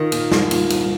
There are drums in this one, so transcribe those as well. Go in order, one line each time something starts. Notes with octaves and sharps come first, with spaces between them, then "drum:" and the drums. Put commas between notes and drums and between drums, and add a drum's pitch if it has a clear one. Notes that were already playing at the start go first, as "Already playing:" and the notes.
Already playing: D#3 F4
A#2, drum: cymbal
C2, drum: snare
A#2, drum: cymbal
C2, drum: cymbal